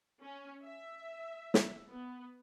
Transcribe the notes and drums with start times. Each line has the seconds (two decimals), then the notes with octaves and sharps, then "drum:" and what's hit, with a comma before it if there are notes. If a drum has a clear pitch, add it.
0.23 C#4
0.64 E5
1.54 drum: snare
1.89 B3